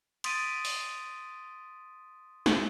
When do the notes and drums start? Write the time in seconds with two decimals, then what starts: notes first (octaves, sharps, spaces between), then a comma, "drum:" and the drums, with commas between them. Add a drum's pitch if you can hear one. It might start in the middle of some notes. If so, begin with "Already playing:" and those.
0.24 C6 D#6 A6 B6 D7 D#7, drum: cymbal
0.65 drum: open hi-hat
2.46 drum: snare